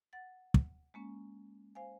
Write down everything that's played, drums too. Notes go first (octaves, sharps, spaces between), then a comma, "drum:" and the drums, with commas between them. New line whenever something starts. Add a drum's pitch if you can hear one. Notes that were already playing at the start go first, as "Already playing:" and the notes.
F#5 A6
drum: kick
G#3 A#3 C#4
C5 F5 G#5